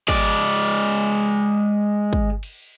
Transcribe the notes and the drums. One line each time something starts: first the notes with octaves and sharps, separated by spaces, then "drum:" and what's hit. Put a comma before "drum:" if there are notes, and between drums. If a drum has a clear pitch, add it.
G#3 D5, drum: kick
drum: kick
drum: cymbal